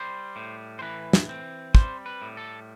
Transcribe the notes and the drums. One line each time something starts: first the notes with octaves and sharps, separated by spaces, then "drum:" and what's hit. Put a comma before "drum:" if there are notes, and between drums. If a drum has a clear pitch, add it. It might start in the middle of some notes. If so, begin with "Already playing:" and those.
Already playing: G3 C5
A2
C5
E3 B4
drum: snare
C4
G3 C5, drum: kick
B4
A2
A4